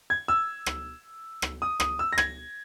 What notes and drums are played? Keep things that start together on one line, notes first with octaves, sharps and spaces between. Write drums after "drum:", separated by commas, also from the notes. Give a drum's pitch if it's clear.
G#6
E6
drum: rim click
drum: rim click
D#6
D#6, drum: rim click
E6
A#6
G#6, drum: rim click